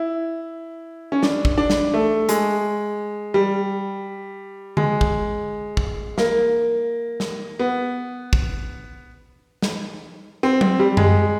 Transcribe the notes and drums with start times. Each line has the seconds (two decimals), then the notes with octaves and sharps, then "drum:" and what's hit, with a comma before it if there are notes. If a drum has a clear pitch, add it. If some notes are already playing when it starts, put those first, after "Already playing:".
Already playing: E4
1.12 C#4
1.23 D4, drum: snare
1.45 drum: kick
1.58 D4
1.70 drum: snare
1.94 A3
2.29 G#3, drum: hi-hat
3.34 G3
4.77 G#3, drum: tom D3
5.01 drum: kick
5.77 drum: kick
6.18 A#3, drum: snare
7.20 drum: snare
7.59 B3
8.33 drum: kick
9.62 drum: snare
10.43 C4
10.61 C4, drum: tom F#3
10.79 G3
10.97 G#3, drum: tom F#2